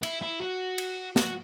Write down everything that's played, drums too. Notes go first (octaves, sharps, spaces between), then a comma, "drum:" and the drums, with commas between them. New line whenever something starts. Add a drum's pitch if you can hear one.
E4, drum: cymbal
E4
F#4
drum: cymbal
F#4, drum: snare